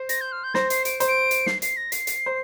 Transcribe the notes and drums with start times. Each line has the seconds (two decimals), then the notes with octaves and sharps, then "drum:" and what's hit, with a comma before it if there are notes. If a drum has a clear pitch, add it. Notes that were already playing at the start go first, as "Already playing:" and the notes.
Already playing: C5
0.09 A#6, drum: hi-hat
0.21 G6
0.32 F6
0.44 G6
0.54 C5 A#6, drum: snare
0.70 C7, drum: hi-hat
0.85 D7, drum: hi-hat
1.00 C5, drum: hi-hat
1.08 D7
1.31 drum: hi-hat
1.46 C7, drum: snare
1.62 C7, drum: hi-hat
1.77 A#6
1.92 C7, drum: hi-hat
2.07 drum: hi-hat
2.26 C5